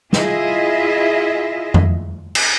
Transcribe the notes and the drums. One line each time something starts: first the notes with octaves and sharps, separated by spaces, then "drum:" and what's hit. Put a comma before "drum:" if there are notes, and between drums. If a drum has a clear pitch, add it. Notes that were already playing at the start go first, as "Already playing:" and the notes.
E4 F4 G#4 D#5 E5, drum: snare
drum: tom F2
drum: cymbal